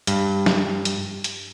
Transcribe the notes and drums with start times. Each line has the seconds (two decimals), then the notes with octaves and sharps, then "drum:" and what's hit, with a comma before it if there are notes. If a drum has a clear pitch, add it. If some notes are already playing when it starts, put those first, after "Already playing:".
0.07 G2, drum: hi-hat
0.46 drum: snare
0.85 drum: hi-hat
1.24 drum: hi-hat